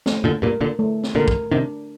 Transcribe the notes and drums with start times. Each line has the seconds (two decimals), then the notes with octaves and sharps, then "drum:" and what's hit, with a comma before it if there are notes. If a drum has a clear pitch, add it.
0.06 A3, drum: snare
0.24 A#2 D3
0.42 G2 A#2 A#4
0.61 A#2 D3
0.79 A3
1.03 drum: snare
1.15 A#2 D3 A#4
1.28 drum: kick
1.51 C3 D#3 D4